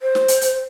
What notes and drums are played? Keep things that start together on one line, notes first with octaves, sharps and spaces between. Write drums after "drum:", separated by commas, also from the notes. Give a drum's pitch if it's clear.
C5
drum: snare
drum: hi-hat
drum: hi-hat